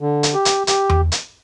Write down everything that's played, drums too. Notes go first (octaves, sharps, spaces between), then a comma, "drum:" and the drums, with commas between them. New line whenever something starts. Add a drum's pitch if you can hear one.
D3
drum: hi-hat
G4
drum: hi-hat
G4, drum: hi-hat
drum: tom E2
drum: hi-hat